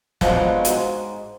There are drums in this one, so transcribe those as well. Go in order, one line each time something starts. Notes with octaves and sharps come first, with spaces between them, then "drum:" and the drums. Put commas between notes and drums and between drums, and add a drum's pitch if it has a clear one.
B2 D3 F3 F#3 G#3 D#4, drum: snare
G#2, drum: hi-hat